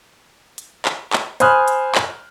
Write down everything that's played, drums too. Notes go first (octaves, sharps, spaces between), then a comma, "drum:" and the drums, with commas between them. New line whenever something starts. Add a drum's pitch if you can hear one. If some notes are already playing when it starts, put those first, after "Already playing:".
drum: hi-hat
drum: clap
drum: clap
C5 G#5 B5 D#6 F6 F#6, drum: hi-hat
drum: hi-hat
drum: clap